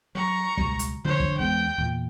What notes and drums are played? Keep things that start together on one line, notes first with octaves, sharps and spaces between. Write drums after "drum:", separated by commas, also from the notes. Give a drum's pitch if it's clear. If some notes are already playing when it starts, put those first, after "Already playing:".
F#3 A#5 C#6
C#2 B2 G3, drum: kick
drum: hi-hat
D3 F3 D4 C5 C#5
drum: kick
E2 G#3 B3 G5
E2 A#2